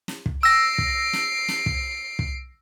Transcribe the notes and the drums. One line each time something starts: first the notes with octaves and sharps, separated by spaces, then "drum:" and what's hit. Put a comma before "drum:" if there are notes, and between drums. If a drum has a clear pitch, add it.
drum: snare
drum: kick
E6 A#6 C7 D7
drum: kick
drum: snare
drum: snare
drum: kick
drum: kick